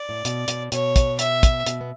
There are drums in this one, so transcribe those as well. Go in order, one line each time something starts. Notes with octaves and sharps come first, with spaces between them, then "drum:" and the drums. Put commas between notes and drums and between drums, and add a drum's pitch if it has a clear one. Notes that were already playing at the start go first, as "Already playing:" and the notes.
Already playing: D5
A2
B2, drum: hi-hat
B2, drum: hi-hat
B2 C#5, drum: hi-hat
drum: kick, hi-hat
E5, drum: hi-hat
drum: kick, hi-hat
B2, drum: hi-hat
B3